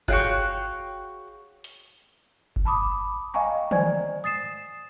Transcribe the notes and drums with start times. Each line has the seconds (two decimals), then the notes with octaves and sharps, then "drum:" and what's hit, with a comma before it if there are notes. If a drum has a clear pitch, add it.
0.08 F#4 G#4 C#5 F5 G5 F#6, drum: kick G1
1.64 drum: hi-hat
2.56 drum: kick G1
2.65 A5 B5 D6 D#6
3.34 D#5 F5 G5 G#5 A#5 C#6
3.71 C5 D5 G#5 G#6, drum: tom
4.24 D#6 A6 C7 E7